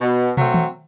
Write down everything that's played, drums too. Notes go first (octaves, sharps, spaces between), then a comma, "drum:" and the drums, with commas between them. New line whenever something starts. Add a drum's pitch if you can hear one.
B2
F#3 A3 C4, drum: tom
drum: tom D#3